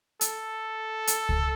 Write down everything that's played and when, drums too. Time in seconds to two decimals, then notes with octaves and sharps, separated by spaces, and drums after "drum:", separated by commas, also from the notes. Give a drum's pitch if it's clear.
0.21 A4, drum: hi-hat
1.07 drum: hi-hat
1.29 drum: kick C#2